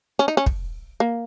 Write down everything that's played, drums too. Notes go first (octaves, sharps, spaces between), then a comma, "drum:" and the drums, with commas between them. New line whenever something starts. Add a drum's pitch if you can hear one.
C#4
D#4
C#4
drum: kick
A#3